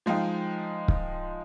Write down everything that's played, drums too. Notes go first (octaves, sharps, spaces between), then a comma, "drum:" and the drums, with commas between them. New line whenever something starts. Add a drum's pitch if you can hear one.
F3 G#3 D#4 F5 G5
drum: kick